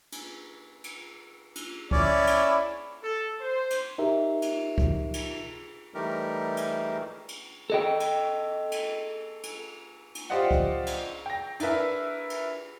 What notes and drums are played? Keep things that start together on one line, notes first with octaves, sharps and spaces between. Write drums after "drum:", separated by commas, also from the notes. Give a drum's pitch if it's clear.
drum: cymbal
drum: cymbal
drum: cymbal
C#4 E4 D5, drum: kick C#2
drum: cymbal
A4
C5
drum: cymbal
D#4 G4 A#4 E5
drum: cymbal
drum: kick C#2
drum: cymbal
E3 G3 A3 D#4 G4 A#4
drum: cymbal
drum: cymbal
A4 D#5 G5
drum: cymbal
drum: cymbal
drum: cymbal
drum: cymbal
F4 G4 C5 D5 D#5 F#5
drum: kick C#2
drum: cymbal
G5 A#6
D4 E4 A#4 B4 E5, drum: cymbal
drum: cymbal